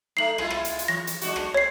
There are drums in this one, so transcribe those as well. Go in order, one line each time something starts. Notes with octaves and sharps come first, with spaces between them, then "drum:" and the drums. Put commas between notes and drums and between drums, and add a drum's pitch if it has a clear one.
A3 D#4 C7 F#7
G#3 E4 F4, drum: rim click
drum: rim click
drum: hi-hat
drum: hi-hat
E3 A#6
drum: hi-hat
G#3 D4 F#4, drum: hi-hat
drum: rim click
C4 C#5 C7